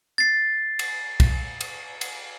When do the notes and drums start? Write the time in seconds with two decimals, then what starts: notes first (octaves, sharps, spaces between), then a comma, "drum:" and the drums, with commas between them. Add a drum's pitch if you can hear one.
0.18 A6 C7
0.79 drum: cymbal
1.20 drum: kick, cymbal
1.61 drum: cymbal
2.01 drum: cymbal